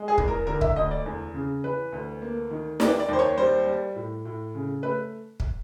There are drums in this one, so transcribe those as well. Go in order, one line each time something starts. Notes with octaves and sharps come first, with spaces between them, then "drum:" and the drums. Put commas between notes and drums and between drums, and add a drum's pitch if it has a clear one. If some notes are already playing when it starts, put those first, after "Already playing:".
Already playing: G#3
G#4
E2, drum: kick
A#4
D3 A#4
E5, drum: kick
D2 D#5
D5
E2
C#3
E3 B4
D2
A#3
D#3
D#2 D5, drum: snare
D5
D#2 C5
C#5
G3 C5
G3
A2
A2
C#3
A3 B4
drum: kick